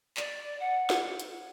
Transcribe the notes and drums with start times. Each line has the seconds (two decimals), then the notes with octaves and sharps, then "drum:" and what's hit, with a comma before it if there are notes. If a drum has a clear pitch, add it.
0.17 D5, drum: clap
0.59 F#5
0.90 drum: snare
1.20 drum: hi-hat